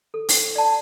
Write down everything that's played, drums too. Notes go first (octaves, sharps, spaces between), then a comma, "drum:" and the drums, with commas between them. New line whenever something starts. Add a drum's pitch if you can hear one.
A4
drum: open hi-hat
D5 A5